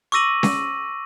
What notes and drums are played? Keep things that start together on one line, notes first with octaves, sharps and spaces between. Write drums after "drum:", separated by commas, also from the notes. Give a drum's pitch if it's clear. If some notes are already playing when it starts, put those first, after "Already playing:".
C#6 D6 E6 A#6 D#7 F#7
drum: snare C#4